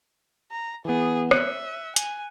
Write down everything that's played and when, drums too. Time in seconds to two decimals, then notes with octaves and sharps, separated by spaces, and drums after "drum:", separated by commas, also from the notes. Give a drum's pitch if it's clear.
0.51 A#5
0.85 E3 B3 G#4
1.31 E5 F#6 C#7 D#7, drum: rim click
1.96 G#5, drum: hi-hat